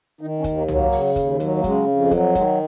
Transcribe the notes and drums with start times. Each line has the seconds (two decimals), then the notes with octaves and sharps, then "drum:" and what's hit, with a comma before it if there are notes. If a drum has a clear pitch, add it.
0.21 D#3 D#4
0.39 C#4
0.44 D#2, drum: kick, hi-hat
0.57 A#3
0.68 F#3, drum: tom
0.74 A#3
0.92 C#3, drum: open hi-hat
1.16 D#2, drum: kick, hi-hat
1.40 F#3, drum: hi-hat
1.57 A#3
1.64 C#3 G#3, drum: kick, hi-hat
1.88 F2
2.11 F#3, drum: kick, hi-hat
2.35 D#3 G#3, drum: kick, hi-hat